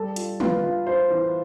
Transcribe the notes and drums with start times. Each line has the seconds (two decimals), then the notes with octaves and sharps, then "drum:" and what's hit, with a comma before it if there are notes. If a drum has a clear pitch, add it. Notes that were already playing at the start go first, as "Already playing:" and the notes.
Already playing: G3 A4
0.16 F4, drum: hi-hat
0.40 F4 B4, drum: tom
0.64 F4
0.87 F4 C5
1.10 E3